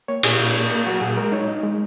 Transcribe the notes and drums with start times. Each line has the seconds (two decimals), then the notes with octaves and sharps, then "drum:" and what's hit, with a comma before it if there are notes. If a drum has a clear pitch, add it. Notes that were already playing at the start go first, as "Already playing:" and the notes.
0.08 A#3 C#5
0.23 A#2 G#4, drum: cymbal
0.40 A#2
0.56 A#3
0.71 A#3
0.87 F#3 F#4
1.01 A#2 G#4
1.17 G#3 A#4
1.32 D#4 C#5
1.48 D#4
1.63 G#3